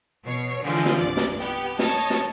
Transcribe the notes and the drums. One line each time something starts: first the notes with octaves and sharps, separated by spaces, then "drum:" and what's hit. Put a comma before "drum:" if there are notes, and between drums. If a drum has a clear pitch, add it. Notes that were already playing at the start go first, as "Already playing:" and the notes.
B2 C#5 C7
D3 E3 F3 G#3
drum: snare
C2 G2 D5
drum: snare
B3 G4
C#5 D#5 A5, drum: snare
drum: snare